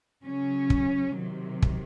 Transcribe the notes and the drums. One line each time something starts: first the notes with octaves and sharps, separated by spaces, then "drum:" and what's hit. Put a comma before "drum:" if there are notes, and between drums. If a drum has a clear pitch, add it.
C#3 F#3 C#4
drum: kick
C3 D#3 F#3
drum: kick